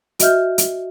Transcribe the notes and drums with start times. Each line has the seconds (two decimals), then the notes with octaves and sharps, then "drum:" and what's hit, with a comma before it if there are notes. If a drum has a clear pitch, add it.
0.19 F#4 D#5 E5 F6 G6, drum: hi-hat
0.58 drum: hi-hat